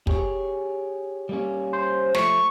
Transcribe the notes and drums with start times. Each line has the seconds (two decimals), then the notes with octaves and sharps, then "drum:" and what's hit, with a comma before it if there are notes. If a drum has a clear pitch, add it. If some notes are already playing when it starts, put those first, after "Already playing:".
0.07 G4 G#4 C#5, drum: kick
1.29 G3 A#3 C#4
1.73 C5
2.14 F3 A3 C#6, drum: snare